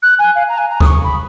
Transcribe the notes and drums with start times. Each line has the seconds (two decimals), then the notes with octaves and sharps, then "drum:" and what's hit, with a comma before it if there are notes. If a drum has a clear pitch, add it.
0.03 F#6
0.19 G#5
0.35 F5
0.49 A#5
0.58 G#5
0.70 A#5
0.81 D#6, drum: kick D2
0.86 C#6
1.04 B5